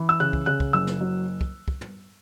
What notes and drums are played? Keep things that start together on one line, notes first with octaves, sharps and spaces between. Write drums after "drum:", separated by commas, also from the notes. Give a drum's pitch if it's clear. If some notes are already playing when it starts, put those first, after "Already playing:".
Already playing: E3
E6
C#3 F#6
drum: kick
C#3 F#6
drum: kick
F#1 E6
drum: snare
F#3
drum: kick
drum: kick
drum: tom